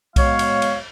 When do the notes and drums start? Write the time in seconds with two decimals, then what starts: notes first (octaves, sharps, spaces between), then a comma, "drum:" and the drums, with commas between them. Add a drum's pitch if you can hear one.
0.16 F#3 G#3 B3 C#5 F5, drum: kick B1, cymbal
0.39 drum: cymbal
0.62 drum: cymbal